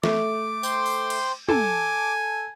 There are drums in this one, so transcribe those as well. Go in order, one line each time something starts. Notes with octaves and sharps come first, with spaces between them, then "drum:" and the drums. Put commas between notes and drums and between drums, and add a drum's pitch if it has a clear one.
A3 D6, drum: snare
C5 G5 C6, drum: tambourine
drum: open hi-hat
drum: cymbal
A4 G#5 A5 D6, drum: tom